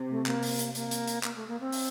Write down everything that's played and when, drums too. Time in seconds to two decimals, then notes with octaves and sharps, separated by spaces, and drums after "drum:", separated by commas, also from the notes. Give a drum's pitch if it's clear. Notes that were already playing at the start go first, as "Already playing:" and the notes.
Already playing: C3
0.10 A3
0.26 A#3, drum: clap
0.43 drum: open hi-hat
0.59 drum: hi-hat
0.75 A#3, drum: hi-hat
0.91 drum: hi-hat
1.08 drum: hi-hat
1.23 A#3, drum: clap
1.36 A3
1.48 A#3
1.60 C4
1.72 drum: open hi-hat